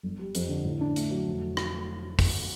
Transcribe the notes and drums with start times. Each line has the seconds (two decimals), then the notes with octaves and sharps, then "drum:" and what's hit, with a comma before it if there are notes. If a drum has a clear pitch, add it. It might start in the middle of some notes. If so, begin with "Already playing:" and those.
0.03 G1
0.19 G3
0.35 F2, drum: hi-hat
0.49 D3
0.65 A2
0.80 D4
0.96 A3, drum: hi-hat
1.10 F#3
1.27 F1
1.57 drum: rim click
2.19 drum: kick, open hi-hat